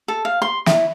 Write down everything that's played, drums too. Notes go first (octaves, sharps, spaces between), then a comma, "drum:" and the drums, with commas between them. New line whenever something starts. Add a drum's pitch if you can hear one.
A4
F5
C6
E4, drum: snare